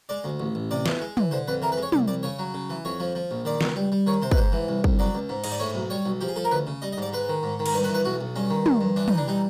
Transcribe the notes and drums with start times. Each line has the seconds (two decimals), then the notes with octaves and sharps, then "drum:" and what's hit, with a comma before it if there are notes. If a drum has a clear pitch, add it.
0.09 G#3 D5
0.24 D2
0.40 A1
0.55 A1
0.71 C3 D5
0.86 E3, drum: snare
1.01 G#3
1.17 E3, drum: tom
1.31 D3 C5
1.48 F2 B4
1.62 E3 A#4
1.72 B4
1.77 G#3
1.82 C#5
1.92 C2 D5, drum: tom
2.08 C2 D5
2.23 C#3 C#5
2.39 F#3
2.54 C#3
2.70 E3
2.85 F2 C#5
3.00 F3
3.15 F3
3.31 A#1
3.45 D#3 D5
3.61 C#2, drum: snare
3.76 G3
3.92 G3
4.06 D#3 C#5
4.22 C3 C5
4.31 B4, drum: kick
4.37 G#2 C5
4.52 E3
4.68 C2
4.84 C2, drum: kick
4.99 F#3 D5
5.15 C#2
5.29 G#2
5.44 G#2 D#5, drum: cymbal
5.52 D5
5.59 A2 C#5
5.75 B1
5.90 G3 C#5
6.06 B1
6.21 F3 G4
6.28 G#4
6.36 F3 A4
6.44 A#4
6.51 D2 B4
6.67 C#3
6.82 G3 D#5
6.92 D#5
6.98 G#2 D5
7.13 G#3 B4
7.29 D#3
7.43 G#2
7.60 D#3
7.66 A#4, drum: cymbal
7.74 G2 B4
7.84 B4
7.89 E3
7.94 B4
8.05 B1 F#4
8.21 B1
8.36 G2 C#4
8.50 D#3
8.66 G2, drum: tom
8.81 G2
8.96 E3 D4
9.08 E3 D#4, drum: tom
9.17 D4
9.28 G3 D#4